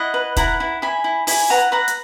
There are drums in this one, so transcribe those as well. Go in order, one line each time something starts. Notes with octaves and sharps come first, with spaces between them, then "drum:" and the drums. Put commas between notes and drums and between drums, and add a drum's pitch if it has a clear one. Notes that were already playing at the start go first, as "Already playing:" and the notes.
Already playing: E4 D#5 F#5
B4
E4 F#5 A#5, drum: kick, hi-hat
E4
E4 G#5 B5
E4
E4 G#5 B5, drum: open hi-hat
B4 F#5 A#5
B4 F#5 A#5
drum: hi-hat